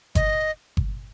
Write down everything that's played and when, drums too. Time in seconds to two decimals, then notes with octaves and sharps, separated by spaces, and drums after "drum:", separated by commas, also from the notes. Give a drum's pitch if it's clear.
0.15 D#5, drum: kick G1, hi-hat
0.77 drum: kick G1